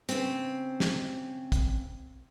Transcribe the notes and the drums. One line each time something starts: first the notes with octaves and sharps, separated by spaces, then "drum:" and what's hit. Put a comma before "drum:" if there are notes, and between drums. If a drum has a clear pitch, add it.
C#3 C4, drum: hi-hat
drum: snare
drum: kick, hi-hat